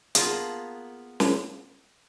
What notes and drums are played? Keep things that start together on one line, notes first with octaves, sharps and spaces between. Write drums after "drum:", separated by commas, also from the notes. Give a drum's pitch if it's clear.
A#3 B3 F4 G#4 A5, drum: hi-hat
drum: snare